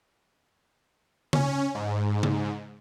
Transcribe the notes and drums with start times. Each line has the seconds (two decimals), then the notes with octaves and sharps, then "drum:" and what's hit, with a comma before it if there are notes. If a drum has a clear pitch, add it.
1.33 C#4, drum: tom C#3
1.75 G#2
2.23 drum: tom C#3